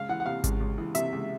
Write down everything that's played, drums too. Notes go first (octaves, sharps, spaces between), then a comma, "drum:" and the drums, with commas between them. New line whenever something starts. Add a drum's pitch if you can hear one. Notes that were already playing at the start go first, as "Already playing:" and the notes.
Already playing: C#2 F5
E3 F#5
F#5
C3 F5
C#2, drum: kick G#1, hi-hat
C#2
E3
C3 E5, drum: hi-hat
C#2